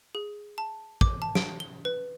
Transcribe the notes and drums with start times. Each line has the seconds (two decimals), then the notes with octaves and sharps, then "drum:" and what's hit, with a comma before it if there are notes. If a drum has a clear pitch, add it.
0.15 G#4
0.58 A5
1.01 D6, drum: kick
1.22 A5
1.35 D7, drum: snare
1.60 G7
1.85 B4